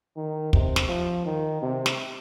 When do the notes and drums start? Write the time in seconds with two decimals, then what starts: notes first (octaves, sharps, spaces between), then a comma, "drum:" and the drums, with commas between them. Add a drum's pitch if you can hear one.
0.16 D#3
0.53 C3, drum: kick
0.76 drum: snare
0.88 F3
1.25 D#3
1.62 C3
1.86 drum: snare